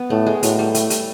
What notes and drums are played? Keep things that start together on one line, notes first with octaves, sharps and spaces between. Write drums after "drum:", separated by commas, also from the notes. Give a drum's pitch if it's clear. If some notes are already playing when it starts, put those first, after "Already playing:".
Already playing: B3
A2 A3
G#3
A2 F#3, drum: hi-hat
G3
A3, drum: hi-hat
G3, drum: hi-hat